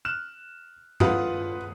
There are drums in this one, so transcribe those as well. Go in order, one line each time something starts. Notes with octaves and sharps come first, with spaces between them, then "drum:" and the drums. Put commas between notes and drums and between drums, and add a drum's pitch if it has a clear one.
F6 F#6 E7
F4 B4 F#5 D#6, drum: tom G2